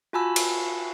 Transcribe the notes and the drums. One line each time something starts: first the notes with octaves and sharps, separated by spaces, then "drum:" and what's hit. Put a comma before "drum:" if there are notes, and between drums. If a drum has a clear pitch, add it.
F4 F#4 G#5 A5 B5 E6
drum: cymbal